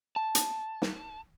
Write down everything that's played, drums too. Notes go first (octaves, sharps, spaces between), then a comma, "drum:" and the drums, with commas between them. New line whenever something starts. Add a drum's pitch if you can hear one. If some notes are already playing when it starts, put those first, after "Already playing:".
A5
drum: hi-hat
drum: snare